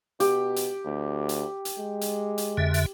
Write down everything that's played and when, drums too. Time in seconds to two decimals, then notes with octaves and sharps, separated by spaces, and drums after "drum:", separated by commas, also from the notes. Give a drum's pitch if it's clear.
0.20 B2 G4, drum: hi-hat
0.56 drum: hi-hat
0.86 D2
1.29 drum: hi-hat
1.65 drum: hi-hat
1.78 G#3
2.01 drum: hi-hat
2.38 drum: hi-hat
2.57 F2 D3 E5
2.74 drum: hi-hat